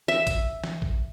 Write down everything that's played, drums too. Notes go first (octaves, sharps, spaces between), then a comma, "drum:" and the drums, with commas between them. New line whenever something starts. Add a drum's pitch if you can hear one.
E5
drum: kick A1, hi-hat
drum: snare
drum: kick A1